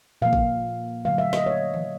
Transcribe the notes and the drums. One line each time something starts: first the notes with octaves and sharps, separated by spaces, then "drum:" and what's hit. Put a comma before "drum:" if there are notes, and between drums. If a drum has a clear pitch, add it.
A#2 F3 A#3 F5
drum: kick
D3 F#3 A3 F5
E5
D#5, drum: snare
C#5
drum: tom D#3